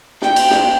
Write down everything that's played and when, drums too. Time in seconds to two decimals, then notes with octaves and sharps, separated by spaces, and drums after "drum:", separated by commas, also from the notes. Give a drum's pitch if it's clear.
0.22 G5, drum: snare
0.36 drum: cymbal
0.51 drum: snare